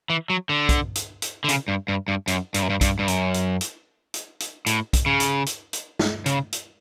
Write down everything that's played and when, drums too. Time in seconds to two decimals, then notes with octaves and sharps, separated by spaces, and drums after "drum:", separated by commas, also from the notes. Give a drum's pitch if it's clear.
0.10 E3
0.30 F#3
0.49 D3
0.69 drum: kick B1, hi-hat
0.95 drum: hi-hat
1.22 drum: hi-hat
1.44 D3
1.49 C#3, drum: hi-hat
1.68 G2
1.88 G2
2.08 G2
2.28 F#2, drum: hi-hat
2.54 G2, drum: hi-hat
2.62 F#2
2.70 G2
2.81 G2, drum: kick B1, hi-hat
2.99 G2
3.08 F#2, drum: hi-hat
3.34 drum: hi-hat
3.61 drum: hi-hat
4.14 drum: hi-hat
4.40 drum: hi-hat
4.66 A2, drum: hi-hat
4.93 drum: kick B1, hi-hat
5.06 C#3
5.20 drum: hi-hat
5.46 drum: hi-hat
5.73 drum: hi-hat
5.99 drum: snare
6.26 C#3, drum: hi-hat
6.52 drum: hi-hat